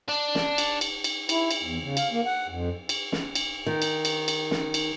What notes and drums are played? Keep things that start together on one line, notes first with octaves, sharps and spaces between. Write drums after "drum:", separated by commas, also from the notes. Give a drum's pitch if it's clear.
D4
drum: snare
drum: cymbal
drum: cymbal
drum: cymbal
E4, drum: cymbal
drum: cymbal
E2
C#3
F5, drum: cymbal
A#3
F#5
F2
drum: cymbal
drum: snare
drum: cymbal
D#3
drum: cymbal
drum: cymbal
drum: cymbal
drum: snare
drum: cymbal